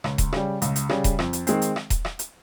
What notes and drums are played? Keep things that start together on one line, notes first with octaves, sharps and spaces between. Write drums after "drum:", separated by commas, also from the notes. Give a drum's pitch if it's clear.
C#2, drum: rim click
drum: kick D#1, hi-hat
C#3 G3, drum: rim click
C#2, drum: hi-hat
drum: hi-hat
C#3 G3, drum: rim click
drum: kick D#1, hi-hat
F2, drum: rim click
drum: hi-hat
D#3 G#3 C4, drum: hi-hat
drum: hi-hat
drum: rim click
drum: kick D#1, hi-hat
drum: rim click
drum: hi-hat